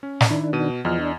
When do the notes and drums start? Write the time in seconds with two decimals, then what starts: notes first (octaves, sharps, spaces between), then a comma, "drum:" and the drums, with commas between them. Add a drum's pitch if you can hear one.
0.03 C#4
0.21 drum: snare
0.30 D#3 D4 E4
0.53 B2 D#7
0.85 E2 F3 D#5 F6
0.99 D4